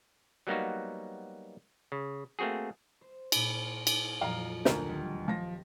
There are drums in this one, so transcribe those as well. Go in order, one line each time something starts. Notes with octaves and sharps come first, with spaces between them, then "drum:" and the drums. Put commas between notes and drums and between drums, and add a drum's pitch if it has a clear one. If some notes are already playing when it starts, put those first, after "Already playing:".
F#3 G3 A#3 B3 D#4 F#4
C#3
A3 A#3 C4 F#4 G#4
C5
A#2 C5 B5, drum: cymbal
drum: cymbal
F2 A#2 F#3 F5 A#5
D2 A#4, drum: snare
D#1 G4
F3 A#6